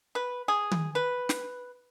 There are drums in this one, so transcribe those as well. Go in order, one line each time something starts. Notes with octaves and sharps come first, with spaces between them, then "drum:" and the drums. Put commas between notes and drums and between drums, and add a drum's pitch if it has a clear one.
B4
G#4
drum: tom
B4
drum: snare